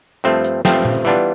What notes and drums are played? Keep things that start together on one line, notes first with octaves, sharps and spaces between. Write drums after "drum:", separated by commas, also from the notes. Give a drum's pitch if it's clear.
G2 F3 A3 C4
drum: hi-hat
G2 F3 A3 C4, drum: snare
drum: tom A#2
E3 G3 B3 D4 F4